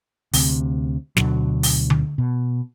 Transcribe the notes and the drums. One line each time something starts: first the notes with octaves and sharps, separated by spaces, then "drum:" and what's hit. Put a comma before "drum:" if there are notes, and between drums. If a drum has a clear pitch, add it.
D2 C3, drum: open hi-hat
D2 B2 D3 F#3, drum: snare
drum: open hi-hat
drum: tom D3
B2